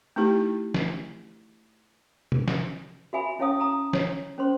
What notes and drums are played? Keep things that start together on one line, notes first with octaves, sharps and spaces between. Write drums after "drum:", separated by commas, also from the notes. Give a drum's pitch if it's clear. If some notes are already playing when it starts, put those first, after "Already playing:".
A3 C4 D#4 E4 G4
drum: snare
drum: tom C3
drum: snare
F#4 E5 G#5 B5
C#4 E4 C#5 F5 A5 D#6
A5 A#5 D#6
C#5, drum: snare
C#4 C5 C6